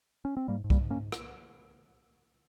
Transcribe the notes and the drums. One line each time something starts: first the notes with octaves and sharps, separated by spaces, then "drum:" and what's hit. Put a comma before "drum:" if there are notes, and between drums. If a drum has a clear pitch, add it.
C#4
C4
G#2 G3 A#3
G#2
G3 A#3, drum: kick C2
G#2
A#3 C#4
G#2
drum: rim click